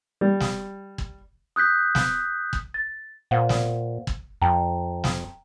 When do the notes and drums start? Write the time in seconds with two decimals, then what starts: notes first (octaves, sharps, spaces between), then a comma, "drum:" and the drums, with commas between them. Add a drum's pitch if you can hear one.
0.21 G3
0.40 drum: snare
0.98 drum: kick
1.56 D#6 F#6 G6 B6
1.95 drum: snare
2.53 drum: kick
2.74 A6
3.31 A#2 C5 F5 F#5
3.49 drum: snare
4.07 drum: kick
4.42 F2 G5 A5 A#5
5.04 drum: snare